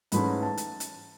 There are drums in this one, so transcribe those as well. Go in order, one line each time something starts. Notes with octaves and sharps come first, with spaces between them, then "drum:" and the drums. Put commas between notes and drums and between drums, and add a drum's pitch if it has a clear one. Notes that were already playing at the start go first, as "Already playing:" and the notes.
G#2 E3 A3 C#4 B5, drum: hi-hat
A#5
A5
drum: hi-hat
drum: hi-hat